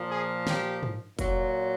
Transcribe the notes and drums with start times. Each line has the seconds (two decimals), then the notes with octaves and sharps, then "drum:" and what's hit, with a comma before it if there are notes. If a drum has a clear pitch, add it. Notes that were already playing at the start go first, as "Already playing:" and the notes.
Already playing: A#2 F3
0.10 G#4
0.47 G4, drum: snare
0.83 drum: tom
1.19 A#2 F#3, drum: kick, hi-hat